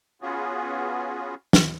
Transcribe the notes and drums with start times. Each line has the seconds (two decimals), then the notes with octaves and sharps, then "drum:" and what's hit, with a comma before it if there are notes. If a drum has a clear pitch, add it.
0.22 B3 C#4 F4 F#4 G#4
1.53 drum: snare